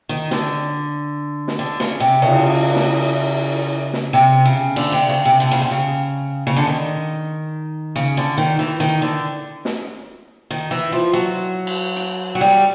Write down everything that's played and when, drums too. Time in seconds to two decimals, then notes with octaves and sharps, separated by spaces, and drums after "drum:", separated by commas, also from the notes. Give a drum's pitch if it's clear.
0.09 D#3
0.31 D3, drum: snare
1.48 drum: snare
1.59 D3
1.80 C#3, drum: snare
2.00 C3
2.22 C#3, drum: cymbal
2.76 drum: snare
3.93 drum: snare
4.13 C3
4.45 C#3
4.76 D3, drum: cymbal
4.92 C3
5.09 C#3
5.25 C3
5.40 D3, drum: hi-hat
5.51 C#3
5.62 C3
5.71 C#3
6.47 C#3
6.56 D3
6.67 D#3
7.96 C#3, drum: hi-hat
8.17 D3
8.38 D#3
8.59 E3
8.80 D#3, drum: hi-hat
9.02 D3
9.65 drum: snare
10.51 D#3
10.71 E3
10.92 F3
11.13 F#3
11.67 drum: cymbal
11.96 drum: hi-hat
12.35 F#3
12.41 G3